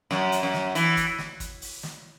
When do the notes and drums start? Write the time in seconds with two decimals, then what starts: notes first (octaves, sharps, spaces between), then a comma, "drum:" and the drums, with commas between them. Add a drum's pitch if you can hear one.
0.11 F#2, drum: snare
0.32 drum: hi-hat
0.43 F#2
0.54 drum: snare
0.75 E3, drum: hi-hat
0.97 drum: kick, hi-hat
1.18 drum: snare
1.40 drum: kick, hi-hat
1.62 drum: open hi-hat
1.83 drum: snare